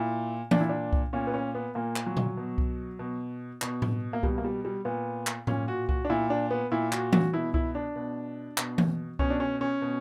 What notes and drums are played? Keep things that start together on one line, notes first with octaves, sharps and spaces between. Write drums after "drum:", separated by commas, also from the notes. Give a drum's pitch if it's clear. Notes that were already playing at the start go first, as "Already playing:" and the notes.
Already playing: A#2 E4
A#2 D4, drum: tom E3
E4
D4
drum: kick C2
A#2 C#4
B3
C#4
B3
A#2 A#3
drum: clap
F#3
drum: tom A#2
B2
drum: kick C2
B2
B2, drum: clap
drum: tom A2
A#3
B2 G3, drum: kick C2
A#3
G3
G3
A#2 B3
drum: clap
A#2 C#4, drum: tom A2
F#4
F#4, drum: kick C2
D4
A#2 E4
D4
B3
A#2 E4
F#4, drum: clap
F#4, drum: tom E3
B2 E4
E4, drum: kick C2
D4
B2
B2, drum: clap
drum: tom E3
B2 C#4, drum: kick C2
D4
C#4
C#4
B2